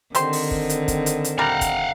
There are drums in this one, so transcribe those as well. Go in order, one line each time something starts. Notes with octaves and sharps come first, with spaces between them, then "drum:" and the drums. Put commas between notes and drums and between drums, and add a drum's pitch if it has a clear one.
D3 D#3 C4 G4 C5 C6, drum: hi-hat
drum: open hi-hat
drum: kick
drum: hi-hat
drum: kick, hi-hat
drum: hi-hat
drum: hi-hat
G3 G4 A#4 F5 F#5
drum: kick, hi-hat